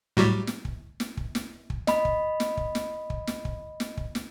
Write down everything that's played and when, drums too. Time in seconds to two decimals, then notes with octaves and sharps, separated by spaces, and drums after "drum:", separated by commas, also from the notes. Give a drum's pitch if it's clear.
0.17 A2 F#3 G3
0.47 drum: snare
0.65 drum: kick
1.00 drum: snare
1.17 drum: kick
1.35 drum: snare
1.70 drum: kick
1.87 D#5 B5, drum: snare
2.05 drum: kick
2.40 drum: snare
2.57 drum: kick
2.75 drum: snare
3.10 drum: kick
3.27 drum: snare
3.45 drum: kick
3.80 drum: snare
3.97 drum: kick
4.15 drum: snare